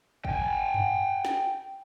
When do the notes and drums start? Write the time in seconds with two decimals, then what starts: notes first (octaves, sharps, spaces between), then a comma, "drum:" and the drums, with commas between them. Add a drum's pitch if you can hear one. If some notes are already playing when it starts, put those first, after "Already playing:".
0.25 G5 G#5, drum: kick
0.74 drum: tom F#2
1.25 drum: snare